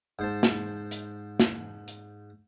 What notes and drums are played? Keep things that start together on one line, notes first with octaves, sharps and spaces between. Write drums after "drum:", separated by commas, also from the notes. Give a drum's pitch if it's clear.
G#2 C5 A5
drum: snare
drum: hi-hat
drum: snare
drum: hi-hat